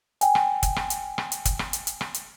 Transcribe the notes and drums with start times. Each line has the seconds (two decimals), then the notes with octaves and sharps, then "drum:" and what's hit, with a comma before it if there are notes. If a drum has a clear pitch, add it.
0.21 G5 G#5, drum: hi-hat
0.35 drum: rim click
0.63 drum: kick, hi-hat
0.76 drum: rim click
0.90 drum: hi-hat
1.18 drum: rim click
1.32 drum: hi-hat
1.45 drum: kick, hi-hat
1.59 drum: rim click
1.73 drum: hi-hat
1.87 drum: hi-hat
2.01 drum: rim click
2.14 drum: hi-hat